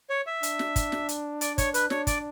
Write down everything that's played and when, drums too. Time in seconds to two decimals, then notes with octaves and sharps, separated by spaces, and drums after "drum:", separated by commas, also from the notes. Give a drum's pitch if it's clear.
0.10 C#5
0.27 E5
0.43 D4, drum: hi-hat
0.59 drum: snare
0.76 drum: kick, hi-hat
0.92 drum: snare
1.09 drum: hi-hat
1.41 D5, drum: hi-hat
1.58 C#5, drum: kick, hi-hat
1.74 B4, drum: hi-hat
1.90 D4 C#5, drum: snare
2.07 D5, drum: kick, hi-hat